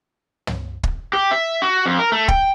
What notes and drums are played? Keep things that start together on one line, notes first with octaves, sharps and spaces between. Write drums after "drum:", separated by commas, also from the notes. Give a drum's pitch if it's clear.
drum: tom
drum: kick
G4
E5
F#4
F2
A#4
A3
G5, drum: kick